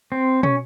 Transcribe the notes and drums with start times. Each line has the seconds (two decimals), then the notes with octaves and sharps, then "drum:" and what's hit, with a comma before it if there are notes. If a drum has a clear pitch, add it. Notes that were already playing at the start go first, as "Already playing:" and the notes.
0.12 C4
0.43 C#4, drum: tom